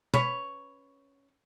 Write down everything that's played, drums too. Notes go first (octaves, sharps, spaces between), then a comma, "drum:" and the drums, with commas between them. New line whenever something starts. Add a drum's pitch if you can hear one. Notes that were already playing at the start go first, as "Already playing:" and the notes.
C#4 B4 C#5, drum: tom